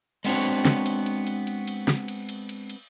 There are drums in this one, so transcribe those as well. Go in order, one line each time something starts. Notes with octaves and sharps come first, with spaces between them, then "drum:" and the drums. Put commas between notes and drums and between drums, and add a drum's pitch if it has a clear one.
G#3 B3 C4 D4 F#4 C#5, drum: cymbal
drum: cymbal
drum: snare
drum: cymbal
drum: cymbal
drum: cymbal
drum: cymbal
drum: cymbal
drum: snare
drum: cymbal
drum: cymbal
drum: cymbal
drum: cymbal